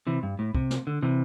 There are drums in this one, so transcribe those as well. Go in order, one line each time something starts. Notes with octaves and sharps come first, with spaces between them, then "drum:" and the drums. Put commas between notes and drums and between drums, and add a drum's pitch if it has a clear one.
C3 E3
G2
A2
C3, drum: kick
drum: snare
D3
C3 E3